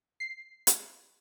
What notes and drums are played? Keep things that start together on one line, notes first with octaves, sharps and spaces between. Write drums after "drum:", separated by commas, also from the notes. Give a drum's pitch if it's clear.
C7
drum: hi-hat